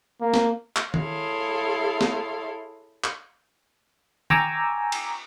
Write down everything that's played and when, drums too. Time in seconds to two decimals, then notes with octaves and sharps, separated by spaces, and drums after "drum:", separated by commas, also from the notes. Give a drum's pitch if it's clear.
0.21 A#3
0.34 drum: snare
0.76 drum: clap
0.94 E4 G#4 A4 C#5 F5 C6, drum: tom
2.01 drum: snare
3.04 drum: clap
4.30 G5 G#5 A#5 C#6 D6 E6, drum: tom
4.92 drum: cymbal